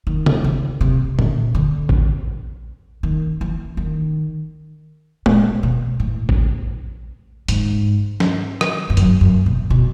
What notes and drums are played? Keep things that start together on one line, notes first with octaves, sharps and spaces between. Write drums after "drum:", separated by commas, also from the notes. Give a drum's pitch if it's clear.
D#3
drum: tom C3
D3
C3
D3, drum: tom A#2
D3
drum: kick A1
D#3
E3
D#3
A#2, drum: tom G#3
B2
A2
drum: kick A1
G#2, drum: hi-hat
drum: snare
drum: rim click
G2
F#2, drum: hi-hat
F#2
B2
B2